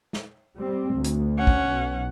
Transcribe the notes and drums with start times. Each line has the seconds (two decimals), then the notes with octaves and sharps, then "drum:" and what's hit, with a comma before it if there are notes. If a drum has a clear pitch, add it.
0.13 drum: snare
0.58 G3 C4
0.95 D2
1.04 drum: hi-hat
1.38 C#4 F#5
1.47 drum: kick
1.67 B1